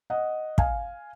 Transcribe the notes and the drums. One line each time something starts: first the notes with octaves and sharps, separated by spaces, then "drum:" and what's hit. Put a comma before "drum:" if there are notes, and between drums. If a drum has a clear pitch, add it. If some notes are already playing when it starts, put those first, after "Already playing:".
D#5 F#5
F5 G#5, drum: kick